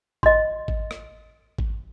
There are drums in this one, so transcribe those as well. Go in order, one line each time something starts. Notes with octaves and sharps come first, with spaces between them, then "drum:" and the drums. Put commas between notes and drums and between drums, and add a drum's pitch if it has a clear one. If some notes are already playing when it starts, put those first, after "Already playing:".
D#5 C6, drum: kick G#1
drum: kick G#1
drum: rim click
drum: kick G#1